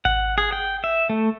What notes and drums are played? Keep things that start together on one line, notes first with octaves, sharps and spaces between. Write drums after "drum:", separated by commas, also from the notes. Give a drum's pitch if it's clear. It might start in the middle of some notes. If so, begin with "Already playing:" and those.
F#5, drum: kick G#1
G#4
G5
E5
A3